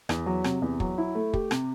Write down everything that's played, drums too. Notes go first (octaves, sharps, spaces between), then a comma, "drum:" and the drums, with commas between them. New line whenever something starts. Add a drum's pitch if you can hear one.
E2, drum: rim click
F#3
C3, drum: rim click
E2
F#3, drum: kick
E4
A3
G4, drum: kick
C3, drum: rim click